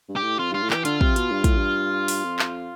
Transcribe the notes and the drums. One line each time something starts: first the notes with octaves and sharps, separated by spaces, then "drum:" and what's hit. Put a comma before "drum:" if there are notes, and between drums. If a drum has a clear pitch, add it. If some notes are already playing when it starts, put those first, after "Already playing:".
G2
G4
A2
F2 F4
G2 F4
A2
E3 G4, drum: clap
D3 F4, drum: hi-hat
C3, drum: kick
B2, drum: hi-hat
G2
A2, drum: kick, hi-hat
G2
drum: open hi-hat
F2
drum: clap